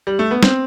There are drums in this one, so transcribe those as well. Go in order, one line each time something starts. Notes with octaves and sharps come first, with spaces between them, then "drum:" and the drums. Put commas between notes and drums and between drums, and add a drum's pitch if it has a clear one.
G3
A3
B3
C4, drum: snare